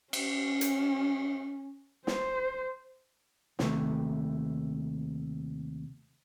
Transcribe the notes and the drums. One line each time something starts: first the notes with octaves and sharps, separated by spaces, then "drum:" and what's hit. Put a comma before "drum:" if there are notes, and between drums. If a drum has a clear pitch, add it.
C#4, drum: cymbal
drum: hi-hat
C5, drum: snare
D#2 C3 A3, drum: snare